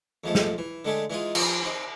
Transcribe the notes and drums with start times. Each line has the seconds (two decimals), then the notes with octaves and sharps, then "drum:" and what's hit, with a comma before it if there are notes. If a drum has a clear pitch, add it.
0.24 F2 F3 G#3 A3
0.35 drum: snare
0.58 E3
0.85 D3 G#3 A3 G4 G#4
1.10 E3 G#3 D#4 F4 G#4
1.35 F3, drum: cymbal
1.63 C4 D#4